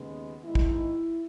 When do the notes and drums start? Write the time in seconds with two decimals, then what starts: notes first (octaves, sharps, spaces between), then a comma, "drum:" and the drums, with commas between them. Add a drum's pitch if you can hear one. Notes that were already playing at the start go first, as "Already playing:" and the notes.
Already playing: D#2 C#3 G#3 B3
0.44 G#2 D#3 G#3 B3 E4
0.55 drum: kick